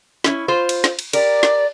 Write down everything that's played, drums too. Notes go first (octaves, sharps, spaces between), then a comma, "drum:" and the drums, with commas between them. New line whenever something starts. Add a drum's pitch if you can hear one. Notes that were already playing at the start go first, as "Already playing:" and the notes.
C#4 E4, drum: snare
F4 C5
drum: cymbal
drum: snare
drum: cymbal
G4 A#4 D5, drum: cymbal
drum: snare